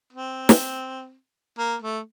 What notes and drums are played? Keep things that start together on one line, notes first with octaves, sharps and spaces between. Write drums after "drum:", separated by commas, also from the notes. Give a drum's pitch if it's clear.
C4
drum: snare
A#3
A3